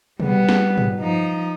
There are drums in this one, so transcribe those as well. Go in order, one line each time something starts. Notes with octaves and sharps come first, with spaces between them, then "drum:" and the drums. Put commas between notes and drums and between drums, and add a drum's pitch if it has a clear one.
G3 B3, drum: tom
drum: snare
drum: tom
F3 D#4